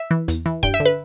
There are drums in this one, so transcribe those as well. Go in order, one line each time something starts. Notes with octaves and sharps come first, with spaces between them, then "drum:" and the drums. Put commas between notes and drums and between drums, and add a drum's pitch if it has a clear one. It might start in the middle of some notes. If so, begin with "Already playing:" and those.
Already playing: E5
E3
E2, drum: hi-hat
E3
G2 G5, drum: kick
E5
D3
B4